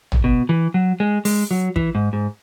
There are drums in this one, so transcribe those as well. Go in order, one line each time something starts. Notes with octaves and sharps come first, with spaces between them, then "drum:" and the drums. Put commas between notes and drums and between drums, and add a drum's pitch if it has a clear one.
drum: tom
B2
E3
F#3
G#3
G#3, drum: open hi-hat
F#3
E3, drum: kick
G#2
G#2